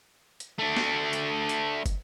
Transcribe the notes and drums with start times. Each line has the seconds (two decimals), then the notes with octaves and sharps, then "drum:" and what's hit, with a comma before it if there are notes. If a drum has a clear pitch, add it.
0.40 drum: hi-hat
0.58 A3 D4
0.77 drum: snare
1.13 drum: hi-hat
1.49 drum: hi-hat
1.86 drum: kick, hi-hat